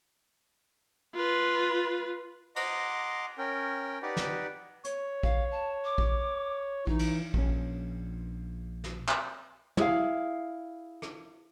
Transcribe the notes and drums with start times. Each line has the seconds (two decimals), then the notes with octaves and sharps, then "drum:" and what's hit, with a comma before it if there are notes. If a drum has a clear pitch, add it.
1.14 F4 B4
2.56 D#5 F#5 A#5 C6 D6, drum: cymbal
3.38 C#4 A#4 G5
4.02 D#4 G4 B4 D5 F#5
4.16 drum: snare
4.84 C#5, drum: hi-hat
5.23 F5, drum: kick A#1
5.52 A5
5.85 D6
5.98 drum: kick A#1
6.87 E3 D#4, drum: kick A#1
6.99 drum: cymbal
7.34 A#1 C#4, drum: kick A#1
8.84 drum: snare
9.09 drum: clap
9.77 E4 G#4 F5, drum: tom
11.02 drum: rim click